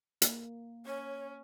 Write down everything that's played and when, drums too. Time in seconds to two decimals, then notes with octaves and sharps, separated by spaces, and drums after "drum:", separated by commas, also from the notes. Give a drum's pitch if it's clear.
0.22 A#3, drum: hi-hat
0.86 C#4 C#5